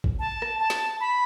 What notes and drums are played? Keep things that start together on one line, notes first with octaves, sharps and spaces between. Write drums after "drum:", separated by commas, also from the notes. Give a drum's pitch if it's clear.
drum: kick G#1
A5
drum: rim click
A5
drum: snare
B5